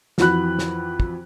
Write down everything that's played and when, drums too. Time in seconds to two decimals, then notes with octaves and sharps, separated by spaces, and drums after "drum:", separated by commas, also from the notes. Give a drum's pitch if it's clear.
0.18 F2 E3 F#4 B5 F#6, drum: snare
0.59 drum: snare
1.00 drum: kick